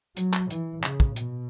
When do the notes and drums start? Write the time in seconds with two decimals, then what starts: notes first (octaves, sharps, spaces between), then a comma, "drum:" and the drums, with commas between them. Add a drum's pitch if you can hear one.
0.17 F#3, drum: hi-hat
0.33 drum: clap
0.50 E3, drum: hi-hat
0.83 C#3, drum: clap
1.00 drum: kick
1.16 B2, drum: hi-hat